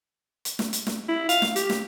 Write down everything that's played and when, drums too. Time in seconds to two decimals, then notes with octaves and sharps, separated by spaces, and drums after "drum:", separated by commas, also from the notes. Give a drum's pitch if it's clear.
0.45 drum: hi-hat
0.59 drum: snare
0.73 drum: hi-hat
0.87 drum: snare
1.09 E4
1.29 F5, drum: hi-hat
1.42 drum: snare
1.56 G4, drum: hi-hat
1.70 drum: snare